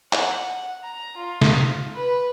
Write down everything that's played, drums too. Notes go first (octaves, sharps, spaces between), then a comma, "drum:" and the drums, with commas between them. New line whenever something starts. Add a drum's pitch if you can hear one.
F#5, drum: clap
A#5
F4
drum: snare
B4